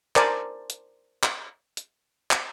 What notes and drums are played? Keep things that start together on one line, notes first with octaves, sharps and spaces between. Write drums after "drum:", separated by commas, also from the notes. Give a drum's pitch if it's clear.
A#4 C5 D5 G#5 A5, drum: clap
drum: hi-hat
drum: clap
drum: hi-hat
drum: clap